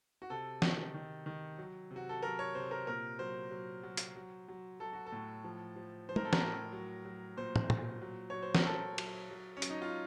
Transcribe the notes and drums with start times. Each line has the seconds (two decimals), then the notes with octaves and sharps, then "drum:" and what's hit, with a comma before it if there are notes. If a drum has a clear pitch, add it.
0.22 F#4
0.30 C3 A4
0.62 D#3, drum: snare
0.94 D#3
1.26 D#3
1.58 F#3
1.91 C3
1.96 F#4
2.09 A4
2.22 F#3 A#4
2.39 C#5
2.55 C3 C5
2.71 A#4
2.87 A#2 A#4
3.19 F#3 C5
3.51 F#3
3.83 F#3
3.97 drum: hi-hat
4.16 F#3
4.48 F#3
4.80 F#3 A4
4.93 F#4
5.06 A4
5.12 A2
5.44 F3
5.76 F3
6.09 F3 C5
6.16 A#4, drum: tom
6.25 A4
6.33 A#4, drum: snare
6.41 A2
6.73 F#3
7.05 F#3
7.37 A#2 C5
7.56 drum: tom
7.70 A#2, drum: tom
8.02 F#3
8.30 F#3 C#5
8.42 C5
8.55 A#4, drum: snare
8.66 F#3 A4
8.98 F#3, drum: cymbal
9.30 F#3
9.57 C#4
9.62 F#3, drum: hi-hat
9.70 D#4
9.82 F4